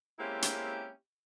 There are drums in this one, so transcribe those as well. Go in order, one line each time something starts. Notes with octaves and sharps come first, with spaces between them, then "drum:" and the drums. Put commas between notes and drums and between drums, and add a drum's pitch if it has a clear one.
G#3 A#3 C4 C#4 E4 G4
drum: hi-hat